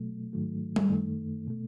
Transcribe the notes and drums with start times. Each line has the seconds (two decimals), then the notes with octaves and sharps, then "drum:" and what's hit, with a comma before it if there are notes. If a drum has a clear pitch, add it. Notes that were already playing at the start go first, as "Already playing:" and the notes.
Already playing: B2 F#3 A3
0.33 G#2 D#3 F#3 A3
0.76 drum: tom G3
0.90 F#2 D#3 A3
1.48 B2 A3